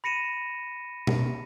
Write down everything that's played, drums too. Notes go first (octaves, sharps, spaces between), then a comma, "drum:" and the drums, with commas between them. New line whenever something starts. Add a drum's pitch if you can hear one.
B5 A#6 C#7 D#7 E7
drum: tom B2